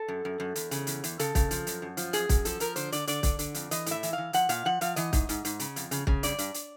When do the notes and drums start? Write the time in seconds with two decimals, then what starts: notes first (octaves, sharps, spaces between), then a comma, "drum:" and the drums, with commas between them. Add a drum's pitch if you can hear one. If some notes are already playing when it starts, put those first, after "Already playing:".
Already playing: A4
0.08 F#2
0.25 F#2
0.40 F#2
0.56 E2, drum: hi-hat
0.71 C#3, drum: hi-hat
0.87 E2, drum: hi-hat
1.04 E2, drum: hi-hat
1.19 C#3 A4, drum: hi-hat
1.35 C#3, drum: kick, hi-hat
1.51 F3, drum: hi-hat
1.67 F#2, drum: hi-hat
1.82 F#2
1.97 F3, drum: hi-hat
2.13 F#2 G#4, drum: hi-hat
2.29 F#2, drum: kick, hi-hat
2.45 F3 A4, drum: hi-hat
2.60 F3 A#4, drum: hi-hat
2.76 D3 C5, drum: hi-hat
2.92 D3 D5, drum: hi-hat
3.07 D3 D5, drum: hi-hat
3.23 D3, drum: kick, hi-hat
3.39 D3, drum: hi-hat
3.54 F2, drum: hi-hat
3.71 E3 D#5, drum: hi-hat
3.86 A2 E5, drum: hi-hat
4.03 E3, drum: hi-hat
4.13 E3 F5
4.33 F3 F#5, drum: hi-hat
4.49 A#2 F5, drum: hi-hat
4.65 F3 F#5
4.81 F3 F5, drum: hi-hat
4.96 E3 D#5, drum: hi-hat
5.13 G#2, drum: kick, hi-hat
5.29 G#2, drum: hi-hat
5.45 G#2, drum: hi-hat
5.59 C#3, drum: hi-hat
5.76 F2, drum: hi-hat
5.91 C#3, drum: hi-hat
6.07 C#3, drum: kick
6.23 G2 D5, drum: hi-hat
6.38 G2, drum: hi-hat
6.54 drum: hi-hat